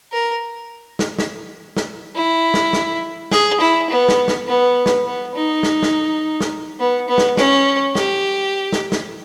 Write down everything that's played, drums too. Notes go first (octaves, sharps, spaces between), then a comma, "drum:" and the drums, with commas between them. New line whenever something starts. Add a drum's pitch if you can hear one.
A#4
drum: snare
drum: snare
drum: snare
E4
drum: snare
drum: snare
G#4, drum: snare
E4
B3
drum: snare
drum: snare
B3
drum: snare
B3
D#4
drum: snare
drum: snare
drum: snare
B3
B3
drum: snare
C#4, drum: snare
G4, drum: snare
drum: snare
drum: snare